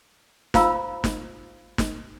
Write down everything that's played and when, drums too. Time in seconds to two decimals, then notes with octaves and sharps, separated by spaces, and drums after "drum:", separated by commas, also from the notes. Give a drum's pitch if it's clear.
0.54 F4 C5 F5 A#5 B5 E6, drum: snare
1.04 drum: snare
1.78 drum: snare